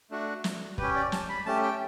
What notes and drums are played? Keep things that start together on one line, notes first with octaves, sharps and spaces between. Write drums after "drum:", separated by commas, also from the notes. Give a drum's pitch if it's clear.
A3 D4 F#4
drum: snare
C#4 G4 B4, drum: kick
D5
A5, drum: snare
B5
A3 C#4 G4 A5
G5